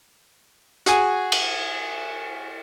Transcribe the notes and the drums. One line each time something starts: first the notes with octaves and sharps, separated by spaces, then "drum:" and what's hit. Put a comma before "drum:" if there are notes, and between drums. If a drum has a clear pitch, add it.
F#4 G#4 G#5, drum: hi-hat
drum: cymbal